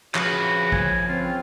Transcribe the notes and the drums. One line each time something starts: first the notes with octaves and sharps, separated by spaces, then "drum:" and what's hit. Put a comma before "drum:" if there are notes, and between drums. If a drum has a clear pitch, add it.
C#3 F3 F#4 B4, drum: clap
G#5, drum: kick
C#2 C4 C#4 F4